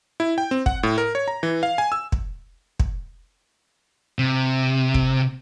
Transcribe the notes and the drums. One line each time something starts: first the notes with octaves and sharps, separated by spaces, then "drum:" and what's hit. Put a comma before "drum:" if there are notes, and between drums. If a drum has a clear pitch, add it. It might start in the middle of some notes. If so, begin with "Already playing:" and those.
E4
G5
C4
F#5, drum: kick
A2
A#4
C#5
A#5
E3
F5
G#5
E6
drum: kick
drum: kick
C3
drum: kick